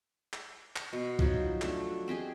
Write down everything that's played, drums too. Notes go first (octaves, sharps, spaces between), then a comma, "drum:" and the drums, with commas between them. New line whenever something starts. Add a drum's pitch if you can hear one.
drum: clap
drum: clap
B2
F3 F#3 D#4, drum: kick C2
A3 D4, drum: clap
C4 G4 G#4 D#5